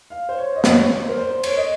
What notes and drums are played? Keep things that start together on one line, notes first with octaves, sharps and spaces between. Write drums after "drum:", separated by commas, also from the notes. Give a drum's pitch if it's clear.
F5
C5
C#5
D#5
C#5, drum: snare
C5
A#4
C5
C#5, drum: cymbal
D#5